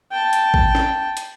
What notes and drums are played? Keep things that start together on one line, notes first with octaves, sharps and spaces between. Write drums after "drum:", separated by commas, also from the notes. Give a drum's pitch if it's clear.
G5 A5
drum: hi-hat
drum: kick G#1
drum: snare
drum: hi-hat